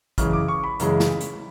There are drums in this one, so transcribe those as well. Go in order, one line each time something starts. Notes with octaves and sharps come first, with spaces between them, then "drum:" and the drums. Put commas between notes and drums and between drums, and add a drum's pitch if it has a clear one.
F#2 C#3 E3 G#3 F6, drum: kick, hi-hat
D6
C#6
B5
F#2 C#3 E3 G#3, drum: hi-hat
drum: snare
drum: hi-hat